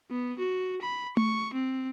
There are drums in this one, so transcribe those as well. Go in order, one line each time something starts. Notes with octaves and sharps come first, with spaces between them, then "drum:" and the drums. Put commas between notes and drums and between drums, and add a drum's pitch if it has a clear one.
B3
F#4
B5
C#6, drum: tom A3
C4